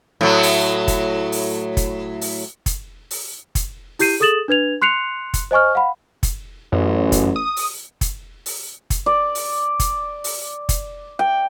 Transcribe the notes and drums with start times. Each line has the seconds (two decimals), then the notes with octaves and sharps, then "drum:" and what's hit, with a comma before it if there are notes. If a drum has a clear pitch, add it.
0.21 A2 F#3
0.43 drum: open hi-hat
0.88 drum: kick F#1, hi-hat
1.32 drum: open hi-hat
1.77 drum: kick F#1, hi-hat
2.21 drum: open hi-hat
2.66 drum: kick F#1, hi-hat
3.11 drum: open hi-hat
3.55 drum: kick F#1, hi-hat
3.99 E4 G4 G6 C7 D#7, drum: open hi-hat
4.20 G#4 A4 D#6 A6 E7 F#7
4.48 D4 B4 G#6 F7
4.82 C6 F#6 C7 C#7 F7
5.34 drum: kick F#1, hi-hat
5.51 C5 D#5 G#5 C#6 F6
5.75 F5 F#5 B5
6.23 drum: kick F#1, hi-hat
6.72 A1 F#2
7.12 drum: kick F#1, hi-hat
7.36 D#6
7.57 drum: open hi-hat
8.01 drum: kick F#1, hi-hat
8.46 drum: open hi-hat
8.90 drum: kick F#1, hi-hat
9.06 D5
9.35 drum: open hi-hat
9.80 drum: kick F#1, hi-hat
10.24 drum: open hi-hat
10.69 drum: kick F#1, hi-hat
11.19 G5